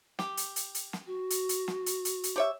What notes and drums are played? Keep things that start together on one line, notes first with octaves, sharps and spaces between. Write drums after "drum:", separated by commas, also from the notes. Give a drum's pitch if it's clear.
G4, drum: snare
drum: hi-hat
drum: hi-hat
drum: hi-hat
drum: snare
F#4
drum: hi-hat
drum: hi-hat
drum: snare
drum: hi-hat
drum: hi-hat
drum: hi-hat
G4 C#5 E5